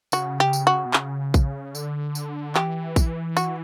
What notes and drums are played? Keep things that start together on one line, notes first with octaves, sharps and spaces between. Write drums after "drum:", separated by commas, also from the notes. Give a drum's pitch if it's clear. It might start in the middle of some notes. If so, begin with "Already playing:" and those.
C#3 F#4, drum: tambourine
G4
drum: tambourine
F#4
B2
C#3, drum: clap
drum: kick A#1, tambourine
D3, drum: tambourine
drum: tambourine
E3 G4, drum: clap
drum: kick A#1, tambourine
F#4, drum: tambourine